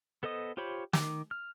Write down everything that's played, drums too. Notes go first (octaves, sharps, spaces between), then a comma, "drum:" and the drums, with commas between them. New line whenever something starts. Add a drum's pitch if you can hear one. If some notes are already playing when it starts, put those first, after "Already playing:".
B3 A4 C5 D#5 D#6
F4 G4 C5 C#5 B5
D#3 D6, drum: snare
F6